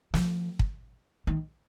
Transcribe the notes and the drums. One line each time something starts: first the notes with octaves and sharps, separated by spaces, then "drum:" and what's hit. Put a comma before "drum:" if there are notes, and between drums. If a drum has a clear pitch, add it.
F3, drum: snare
drum: kick
D#3